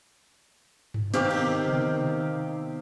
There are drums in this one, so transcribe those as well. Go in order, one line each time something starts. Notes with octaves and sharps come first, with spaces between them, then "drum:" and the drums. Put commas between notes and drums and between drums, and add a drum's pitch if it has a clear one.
drum: tom G2
C3 D#3 B3 G4 F5 D6 E6 G6, drum: snare
drum: cymbal
drum: tom C3